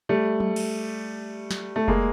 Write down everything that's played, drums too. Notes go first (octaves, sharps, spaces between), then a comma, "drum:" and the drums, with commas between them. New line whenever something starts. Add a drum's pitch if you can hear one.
G3 A3
drum: tom F#3
drum: cymbal
drum: snare
A3
G#3 A#3, drum: kick F1